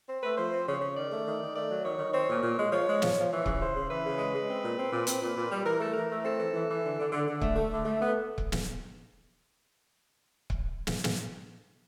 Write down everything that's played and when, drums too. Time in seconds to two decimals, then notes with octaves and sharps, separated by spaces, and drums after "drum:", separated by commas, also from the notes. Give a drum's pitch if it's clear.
0.08 C4
0.22 A3 B4
0.37 F3 C5
0.53 C4
0.67 C#3 C#5
0.81 C#3
0.96 D#3 D5
1.11 A3
1.26 D#3
1.41 D#3
1.55 A3 D5
1.69 F#3
1.84 D#3 C#5
1.99 D#3
2.13 C4 C#5
2.29 A#2
2.43 A#2
2.57 G#3
2.72 F3 C#5
2.87 G#3
3.02 F3, drum: snare
3.17 F3
3.31 E3 C#5
3.46 C#3, drum: kick C#1
3.60 C#3 C5
3.75 C#3
3.90 E3 B4
4.05 C#3
4.18 G#3
4.34 G#3
4.48 C4
4.64 A#2
4.77 C4
4.92 A#2
5.07 C4, drum: hi-hat
5.22 A#2
5.36 A#2
5.50 G3
5.65 E3 A#4
5.80 A3 A4
5.93 E3 A#4
6.09 A3
6.24 C4 A4
6.39 E3
6.53 E3
6.68 E3
6.83 D3
6.98 D3
7.12 D3
7.27 D3
7.41 A3, drum: kick C#1
7.56 A3
7.71 D3
7.85 A3
8.01 B3
8.38 drum: kick C#1
8.52 drum: snare
10.50 drum: kick C#1
10.87 drum: snare
11.04 drum: snare